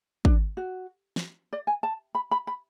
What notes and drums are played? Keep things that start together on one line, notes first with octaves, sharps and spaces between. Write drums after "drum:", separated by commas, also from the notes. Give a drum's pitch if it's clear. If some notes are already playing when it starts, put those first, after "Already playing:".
D4, drum: kick
F#4
drum: snare
D5
G#5
A5
B5
B5
B5